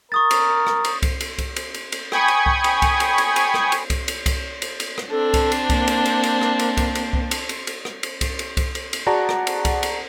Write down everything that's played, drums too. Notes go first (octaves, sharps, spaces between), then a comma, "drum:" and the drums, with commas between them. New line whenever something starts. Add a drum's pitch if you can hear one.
A#4 C#6 D#6 A6
drum: cymbal
drum: rim click
drum: cymbal
drum: kick C2, cymbal
drum: cymbal
drum: kick C2, cymbal
drum: cymbal
drum: cymbal
drum: cymbal
G5 G#5 B5 C#6 D#6 G#6, drum: rim click
drum: cymbal
drum: kick C2
drum: cymbal
drum: kick C2, cymbal
drum: cymbal
drum: cymbal
drum: cymbal
drum: rim click
drum: cymbal
drum: kick C2, cymbal
drum: cymbal
drum: kick C2, cymbal
drum: cymbal
drum: cymbal
drum: rim click
C4 D4 A4
drum: kick C2, cymbal
drum: cymbal
A#3, drum: kick C2, cymbal
drum: cymbal
drum: cymbal
drum: cymbal
drum: rim click
drum: cymbal
drum: kick C2, cymbal
drum: cymbal
drum: kick C2
drum: cymbal
drum: cymbal
drum: cymbal
drum: rim click
drum: cymbal
drum: kick C2, cymbal
drum: cymbal
drum: kick C2, cymbal
drum: cymbal
drum: cymbal
F#4 G#4 D5 F#5 A5 A#5
drum: rim click
drum: cymbal
drum: kick C2, cymbal
drum: cymbal